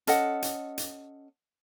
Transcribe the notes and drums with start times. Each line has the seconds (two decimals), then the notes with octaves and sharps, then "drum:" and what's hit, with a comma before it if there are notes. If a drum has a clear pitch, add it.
0.07 C#4 A4 D#5 F#5, drum: hi-hat
0.42 drum: hi-hat
0.78 drum: hi-hat